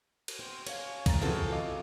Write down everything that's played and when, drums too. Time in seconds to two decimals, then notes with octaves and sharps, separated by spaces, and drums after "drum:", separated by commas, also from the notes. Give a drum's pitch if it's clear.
0.28 drum: cymbal
0.39 C4
0.67 C#4 C#5 F5, drum: cymbal
1.06 A#1 A#5 A6, drum: kick, cymbal
1.22 C#3 E3 F3 C4 F#4 A4
1.52 D#5 F5 D6